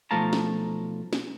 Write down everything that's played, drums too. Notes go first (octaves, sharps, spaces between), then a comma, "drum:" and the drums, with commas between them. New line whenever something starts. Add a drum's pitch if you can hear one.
B1 F3 A3 F5 A5 A#5
drum: snare
drum: snare